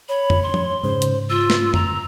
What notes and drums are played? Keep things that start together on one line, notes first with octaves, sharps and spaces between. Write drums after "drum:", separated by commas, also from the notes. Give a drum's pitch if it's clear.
C#5 B5
drum: tom F2
C6
drum: tom F3
G#2 C#3 C5
drum: hi-hat
F4 E6
drum: snare
A#5, drum: tom F2